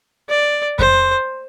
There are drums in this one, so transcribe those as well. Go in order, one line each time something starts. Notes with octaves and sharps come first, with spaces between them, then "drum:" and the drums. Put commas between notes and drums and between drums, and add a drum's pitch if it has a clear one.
D5
C5, drum: kick F2